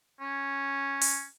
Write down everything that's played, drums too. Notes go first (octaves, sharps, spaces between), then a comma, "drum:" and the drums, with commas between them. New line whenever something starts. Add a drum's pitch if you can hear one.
C#4
drum: open hi-hat